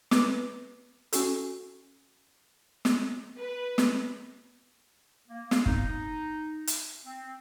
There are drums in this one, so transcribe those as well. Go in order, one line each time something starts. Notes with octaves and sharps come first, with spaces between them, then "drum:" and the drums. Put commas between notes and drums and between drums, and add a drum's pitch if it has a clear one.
B4 D6, drum: snare
C#4 F#4 A4, drum: hi-hat
drum: snare
B4
drum: snare
A#3
F5, drum: snare
D#4, drum: kick
drum: hi-hat
C4